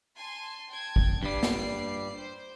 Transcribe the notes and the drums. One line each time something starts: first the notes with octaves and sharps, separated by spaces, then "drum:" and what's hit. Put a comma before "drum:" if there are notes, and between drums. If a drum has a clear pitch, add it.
G#5 A5 C6
G5 A5 G#6
drum: kick
G2 G3 D5 C7
drum: snare
C5